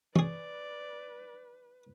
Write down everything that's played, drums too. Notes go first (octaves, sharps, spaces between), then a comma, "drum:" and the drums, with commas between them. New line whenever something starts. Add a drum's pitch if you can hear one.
C#4 G#4 B4 D5, drum: tom